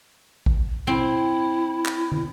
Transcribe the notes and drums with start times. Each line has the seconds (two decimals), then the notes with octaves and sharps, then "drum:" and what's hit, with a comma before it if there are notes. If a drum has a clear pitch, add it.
0.46 drum: kick A1
0.87 C4 E4, drum: tom B2
1.86 drum: clap
2.12 drum: tom